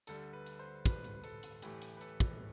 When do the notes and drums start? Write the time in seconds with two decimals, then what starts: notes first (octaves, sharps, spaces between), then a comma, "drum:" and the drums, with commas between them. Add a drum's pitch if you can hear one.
0.07 D2 D3 G3 A4, drum: hi-hat
0.33 B4
0.46 drum: hi-hat
0.59 C5
0.86 B4, drum: kick, hi-hat
1.04 drum: hi-hat
1.24 A4, drum: hi-hat
1.43 drum: hi-hat
1.62 A2 E3 A3 G4, drum: hi-hat
1.82 drum: hi-hat
1.97 B4
2.01 A4, drum: hi-hat
2.20 drum: kick